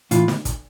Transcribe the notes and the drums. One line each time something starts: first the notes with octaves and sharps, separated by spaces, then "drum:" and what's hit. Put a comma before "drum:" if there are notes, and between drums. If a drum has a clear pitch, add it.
A2 E3 F4, drum: hi-hat
drum: snare
drum: kick, hi-hat